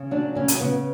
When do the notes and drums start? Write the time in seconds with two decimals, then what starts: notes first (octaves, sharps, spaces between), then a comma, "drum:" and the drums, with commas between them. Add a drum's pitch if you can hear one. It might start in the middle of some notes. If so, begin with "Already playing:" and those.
Already playing: C#3
0.11 F#3 D4
0.35 C#3 C#4
0.48 drum: hi-hat
0.60 C#3 B3